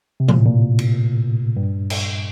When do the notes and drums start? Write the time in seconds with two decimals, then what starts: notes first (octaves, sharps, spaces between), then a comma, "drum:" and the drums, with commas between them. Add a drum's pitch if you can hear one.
0.20 C3
0.28 A#2, drum: tom E3
0.37 A2
0.45 A#2
0.79 drum: cymbal
1.57 G2
1.90 drum: cymbal